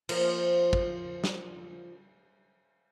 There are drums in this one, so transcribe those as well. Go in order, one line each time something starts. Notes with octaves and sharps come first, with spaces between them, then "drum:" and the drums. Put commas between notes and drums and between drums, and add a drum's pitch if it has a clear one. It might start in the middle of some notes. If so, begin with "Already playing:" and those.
F3 A#3, drum: cymbal
drum: kick
drum: snare